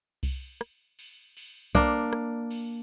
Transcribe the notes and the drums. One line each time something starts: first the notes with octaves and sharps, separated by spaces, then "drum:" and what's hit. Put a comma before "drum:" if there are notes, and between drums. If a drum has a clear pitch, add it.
drum: kick C2, cymbal
drum: rim click
drum: cymbal
drum: cymbal
A#3 D4, drum: kick C2
drum: rim click
drum: cymbal